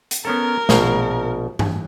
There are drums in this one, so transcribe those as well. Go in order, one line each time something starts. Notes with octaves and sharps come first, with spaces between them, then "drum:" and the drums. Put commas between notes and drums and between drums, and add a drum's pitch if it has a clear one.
drum: hi-hat
B3 C#4 A4 A#4
A#1 B2 F5, drum: snare
drum: tom G2